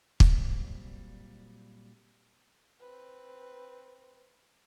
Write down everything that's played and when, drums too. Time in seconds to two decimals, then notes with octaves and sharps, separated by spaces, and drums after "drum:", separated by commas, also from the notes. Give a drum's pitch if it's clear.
0.20 A#2 F#3 G3 C4, drum: kick
2.81 C4 B4